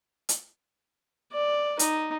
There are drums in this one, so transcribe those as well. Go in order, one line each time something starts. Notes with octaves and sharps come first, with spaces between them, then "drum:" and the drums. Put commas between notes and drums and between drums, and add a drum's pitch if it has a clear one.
drum: hi-hat
D5
D#4, drum: hi-hat